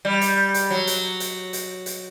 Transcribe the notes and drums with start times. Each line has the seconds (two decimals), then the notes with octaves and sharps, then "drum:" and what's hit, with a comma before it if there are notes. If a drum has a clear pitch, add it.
0.05 G3
0.21 drum: hi-hat
0.54 drum: hi-hat
0.70 F#3
0.87 drum: hi-hat
1.20 drum: hi-hat
1.53 drum: hi-hat
1.86 drum: hi-hat